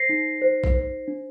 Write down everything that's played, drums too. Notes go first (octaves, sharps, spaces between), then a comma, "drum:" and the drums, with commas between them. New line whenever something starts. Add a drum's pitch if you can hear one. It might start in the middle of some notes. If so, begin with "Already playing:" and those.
Already playing: C5 A#6 C7
D#4
C5
drum: kick
C5
D4